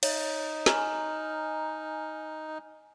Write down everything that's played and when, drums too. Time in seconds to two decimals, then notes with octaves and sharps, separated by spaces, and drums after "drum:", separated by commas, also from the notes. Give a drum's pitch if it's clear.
0.03 D#4 C#5, drum: cymbal
0.66 G#5 A#5 F6, drum: snare